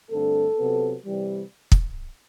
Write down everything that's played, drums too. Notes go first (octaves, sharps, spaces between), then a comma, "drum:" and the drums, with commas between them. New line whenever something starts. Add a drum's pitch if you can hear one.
G2 D3 A3 C4 A4
C3 F#3 B3
C3 E3 G3
drum: kick